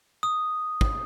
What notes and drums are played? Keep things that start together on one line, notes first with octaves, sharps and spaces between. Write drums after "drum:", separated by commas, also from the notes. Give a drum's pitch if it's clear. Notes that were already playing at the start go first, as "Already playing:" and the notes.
D#6
drum: kick